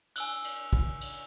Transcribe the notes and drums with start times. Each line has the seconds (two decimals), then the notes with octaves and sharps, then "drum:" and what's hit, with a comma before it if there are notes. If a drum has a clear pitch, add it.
0.16 G#5 E6 F#6, drum: cymbal
0.44 drum: cymbal
0.73 drum: kick
1.01 drum: cymbal